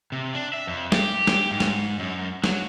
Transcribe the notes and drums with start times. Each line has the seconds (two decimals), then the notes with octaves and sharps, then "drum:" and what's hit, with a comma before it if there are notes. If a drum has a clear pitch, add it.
0.12 C3
0.35 D4
0.54 E5
0.67 F2
0.92 G4, drum: snare
1.27 drum: snare
1.51 G#2
1.60 drum: snare
1.99 F#2
2.44 F#3, drum: snare